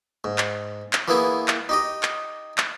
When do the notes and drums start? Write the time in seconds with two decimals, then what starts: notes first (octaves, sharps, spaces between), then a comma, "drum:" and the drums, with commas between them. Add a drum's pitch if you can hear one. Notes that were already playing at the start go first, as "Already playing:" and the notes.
0.24 G#2
0.38 drum: clap
0.93 drum: clap
1.08 E3 A#3 B3 E4 G#4
1.48 drum: clap
1.69 D#4 G4 D#5
2.03 drum: clap
2.58 drum: clap